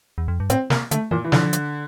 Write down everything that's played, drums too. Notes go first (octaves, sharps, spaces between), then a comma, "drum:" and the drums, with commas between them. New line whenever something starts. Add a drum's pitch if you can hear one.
E2
F2
G2
A2 C4, drum: hi-hat
C3 A#3, drum: snare
D3 A3, drum: hi-hat
A#2 E3
E3
D3 F3, drum: snare
drum: hi-hat